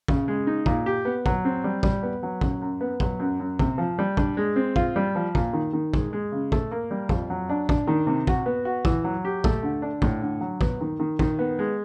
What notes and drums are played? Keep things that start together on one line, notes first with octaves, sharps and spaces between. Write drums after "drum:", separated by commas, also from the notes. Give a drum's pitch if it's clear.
C#3, drum: kick
G#3
D#4
A#2, drum: kick
G4
B3
F#3, drum: kick
C4
G3
G3, drum: kick
B3
F#3
F#2, drum: kick
F#2
B3
F#3, drum: kick
F#2
F#2
C3, drum: kick
F3
G3
D4, drum: kick
G#3
C4
F4, drum: kick
G3
F3
A#2, drum: kick
D#3
D#3
G#3, drum: kick
G#3
C#3
A3, drum: kick
A#3
G3
F2, drum: kick
F#3
D4
D4, drum: kick
D#3
C3
F#4, drum: kick
B3
F#4
E3, drum: kick
F#3
G4
A3, drum: kick
D3
D4
A2, drum: kick
D3
F#3
B3, drum: kick
D#3
D#3
D#3, drum: kick
B3
G#3